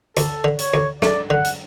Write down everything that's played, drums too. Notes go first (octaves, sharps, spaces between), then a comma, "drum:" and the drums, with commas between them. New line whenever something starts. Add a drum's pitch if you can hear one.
D2 A4, drum: hi-hat
D3
C#5, drum: hi-hat
D2
A3 D5, drum: snare
D3 F#5
drum: hi-hat